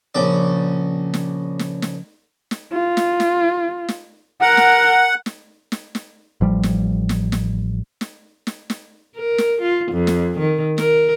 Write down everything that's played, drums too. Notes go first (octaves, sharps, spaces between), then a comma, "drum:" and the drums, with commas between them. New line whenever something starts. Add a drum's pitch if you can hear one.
A#1 C#3 D5
drum: snare
drum: snare
drum: snare
drum: snare
F4
drum: snare
drum: snare
drum: snare
A#4 F#5
drum: snare
drum: snare
drum: snare
drum: snare
A1 F3 G3
drum: snare
drum: snare
drum: snare
drum: snare
drum: snare
drum: snare
A#4
drum: snare
F4
F2
drum: snare
D#3
A#4, drum: snare